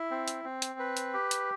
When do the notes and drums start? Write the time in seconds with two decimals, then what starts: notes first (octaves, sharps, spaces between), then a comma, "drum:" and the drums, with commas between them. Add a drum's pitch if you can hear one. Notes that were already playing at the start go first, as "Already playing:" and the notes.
Already playing: E4
0.11 C4
0.28 drum: hi-hat
0.44 C4
0.62 drum: hi-hat
0.79 B4
0.97 drum: hi-hat
1.14 G4
1.31 drum: hi-hat